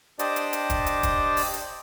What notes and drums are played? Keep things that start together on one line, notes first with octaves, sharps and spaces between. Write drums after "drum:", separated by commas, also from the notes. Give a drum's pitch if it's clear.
D4 G4 C5 D5 D#5, drum: hi-hat
drum: hi-hat
drum: hi-hat
drum: kick, hi-hat
drum: hi-hat
drum: kick, hi-hat
drum: open hi-hat
drum: hi-hat